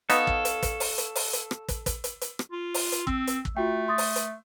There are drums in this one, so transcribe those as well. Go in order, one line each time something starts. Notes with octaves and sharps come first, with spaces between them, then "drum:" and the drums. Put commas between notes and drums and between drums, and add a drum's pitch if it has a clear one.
B3 D#4 A4 C#5 F5, drum: hi-hat
drum: kick
drum: hi-hat
drum: kick, hi-hat
drum: open hi-hat
drum: hi-hat
drum: open hi-hat
drum: hi-hat
drum: rim click
drum: kick, hi-hat
drum: kick, hi-hat
drum: hi-hat
drum: hi-hat
drum: rim click
F4
drum: open hi-hat
drum: hi-hat
C4 E6, drum: kick
drum: hi-hat
drum: kick
A3 F4 F#4 G5
C6 D#6 A6
drum: open hi-hat
drum: hi-hat